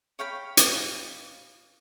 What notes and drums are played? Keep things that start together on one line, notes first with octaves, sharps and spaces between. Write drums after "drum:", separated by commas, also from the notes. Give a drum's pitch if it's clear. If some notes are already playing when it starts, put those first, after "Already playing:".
C#5 F5 G5 B5
drum: hi-hat